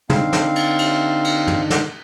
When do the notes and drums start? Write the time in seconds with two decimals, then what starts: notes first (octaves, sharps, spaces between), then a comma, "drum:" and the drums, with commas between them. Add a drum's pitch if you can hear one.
0.10 D3 C4 D#4 F5, drum: tom
0.33 drum: snare
0.56 drum: cymbal
0.78 drum: cymbal
1.24 drum: cymbal
1.47 drum: tom
1.70 drum: snare